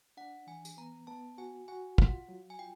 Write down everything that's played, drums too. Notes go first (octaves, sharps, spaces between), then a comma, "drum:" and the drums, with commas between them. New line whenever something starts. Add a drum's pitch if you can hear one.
D4 F#5
E3 G#5
drum: tambourine
B3 A#5
B3 A5
F#4 G#5
F#4 G#5
F4 F#5, drum: kick
F#3
G#5
F4 G5